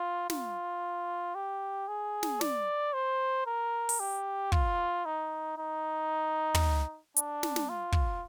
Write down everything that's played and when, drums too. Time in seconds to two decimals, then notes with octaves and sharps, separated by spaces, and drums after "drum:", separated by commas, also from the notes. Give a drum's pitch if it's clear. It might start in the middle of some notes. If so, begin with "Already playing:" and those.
Already playing: F4
0.30 F4, drum: snare
1.35 G4
1.88 G#4
2.23 drum: snare
2.41 D5, drum: snare
2.93 C5
3.46 A#4
3.89 drum: open hi-hat
4.00 G4
4.52 F4, drum: kick
5.05 D#4
5.58 D#4
6.55 drum: tom
7.16 D4, drum: hi-hat
7.43 drum: snare
7.56 drum: snare
7.69 F4
7.92 drum: kick